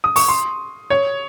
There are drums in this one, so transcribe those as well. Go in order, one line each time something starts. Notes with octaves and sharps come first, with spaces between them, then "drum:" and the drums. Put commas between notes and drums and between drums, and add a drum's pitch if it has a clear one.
D#6
C#6, drum: open hi-hat
C6
C#5